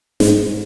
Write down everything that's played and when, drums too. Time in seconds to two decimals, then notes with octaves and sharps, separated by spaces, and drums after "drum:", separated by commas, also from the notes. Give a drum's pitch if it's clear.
0.20 G#2, drum: snare